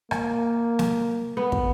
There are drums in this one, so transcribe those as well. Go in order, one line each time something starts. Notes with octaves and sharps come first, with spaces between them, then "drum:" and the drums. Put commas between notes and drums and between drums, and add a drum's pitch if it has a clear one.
A#3, drum: rim click
drum: snare
B3
drum: kick